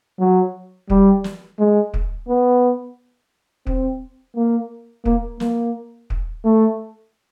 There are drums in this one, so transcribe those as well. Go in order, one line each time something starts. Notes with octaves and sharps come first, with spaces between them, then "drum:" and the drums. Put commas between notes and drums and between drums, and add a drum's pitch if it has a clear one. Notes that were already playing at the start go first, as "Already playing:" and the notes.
F#3
G3, drum: kick
drum: snare
G#3
drum: kick
B3
C4, drum: kick
A#3
A#3, drum: kick
A#3, drum: snare
drum: kick
A3